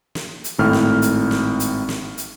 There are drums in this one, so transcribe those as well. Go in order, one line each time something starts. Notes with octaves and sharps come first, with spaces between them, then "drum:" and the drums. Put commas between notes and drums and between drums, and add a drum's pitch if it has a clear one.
drum: snare
drum: hi-hat
G#1 A2 F6
drum: snare
drum: hi-hat
drum: snare
drum: hi-hat
drum: snare
drum: hi-hat